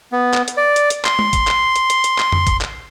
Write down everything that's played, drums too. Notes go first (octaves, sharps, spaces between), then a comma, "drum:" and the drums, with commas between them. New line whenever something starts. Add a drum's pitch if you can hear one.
B3
drum: clap
drum: hi-hat
D5
drum: hi-hat
drum: hi-hat
C6, drum: clap
drum: tom G#3
drum: kick, hi-hat
drum: clap
drum: hi-hat
drum: hi-hat
drum: hi-hat
drum: clap
drum: tom F2
drum: kick, hi-hat
drum: clap